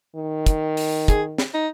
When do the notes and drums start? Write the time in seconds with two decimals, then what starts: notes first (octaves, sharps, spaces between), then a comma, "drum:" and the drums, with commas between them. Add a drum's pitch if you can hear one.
0.16 D#3
0.46 drum: kick, hi-hat
0.77 drum: open hi-hat
1.08 G#4, drum: kick, hi-hat
1.38 drum: snare
1.54 D#4